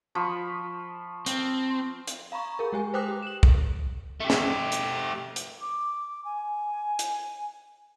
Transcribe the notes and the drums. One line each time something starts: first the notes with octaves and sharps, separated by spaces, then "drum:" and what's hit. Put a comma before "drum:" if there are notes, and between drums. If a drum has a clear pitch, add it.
F3 B5 C#6
C4, drum: hi-hat
drum: hi-hat
F5 A#5 B5 C#6
G#4 A#4
G#3 G4 G#5
B4 C5 G5 D6 D#6 F#6
G4
E7 F#7
drum: kick
A3 G4
drum: snare
drum: hi-hat
drum: hi-hat
D6
G#5
drum: hi-hat